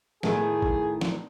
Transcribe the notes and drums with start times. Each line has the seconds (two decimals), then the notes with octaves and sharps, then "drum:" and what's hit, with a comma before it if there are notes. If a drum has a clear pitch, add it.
0.23 A2 D#3 G#4, drum: snare
0.62 drum: kick G#1
1.01 drum: snare